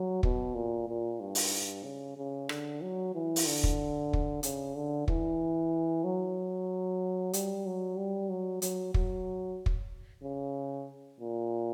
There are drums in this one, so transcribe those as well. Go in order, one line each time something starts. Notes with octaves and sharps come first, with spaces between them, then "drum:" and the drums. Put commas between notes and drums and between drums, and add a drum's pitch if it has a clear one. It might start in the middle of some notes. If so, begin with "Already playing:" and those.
Already playing: F#3
B2, drum: kick
A#2
A#2
G2
drum: open hi-hat
C#3
C#3
D3, drum: rim click
F#3
E3
drum: open hi-hat
D3
drum: kick
drum: kick
C#3, drum: hi-hat
D3
E3, drum: kick
F#3
G3, drum: hi-hat
F#3
G3
F#3
F#3, drum: hi-hat
F#3, drum: kick
drum: kick
C#3
A#2